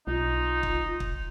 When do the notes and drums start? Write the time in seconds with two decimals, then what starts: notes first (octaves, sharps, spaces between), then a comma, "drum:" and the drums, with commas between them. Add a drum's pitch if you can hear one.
0.07 B1 D#4 F4
0.63 drum: kick
1.00 drum: kick